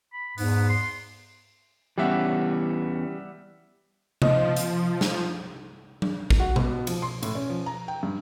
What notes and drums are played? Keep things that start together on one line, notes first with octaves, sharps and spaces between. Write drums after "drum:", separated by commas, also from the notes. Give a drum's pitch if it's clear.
B5
E2 G#2 B3, drum: open hi-hat
C6
E3 G3 B3 C#4 G4 E5 F#5
F3 D#5, drum: tom C3
drum: hi-hat
drum: snare
drum: tom F#3
drum: kick A1
F#4
B2, drum: tom B2
F3, drum: cymbal
C6
A2, drum: cymbal
C#4
F3
A#5
G5
G2